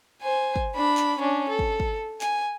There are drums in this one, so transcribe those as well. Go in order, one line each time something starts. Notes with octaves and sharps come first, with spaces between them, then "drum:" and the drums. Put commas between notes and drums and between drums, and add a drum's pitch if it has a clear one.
C5 G#5
drum: kick
D4 B5
drum: clap
C#4 D4
A4
drum: kick
drum: kick
G#5, drum: clap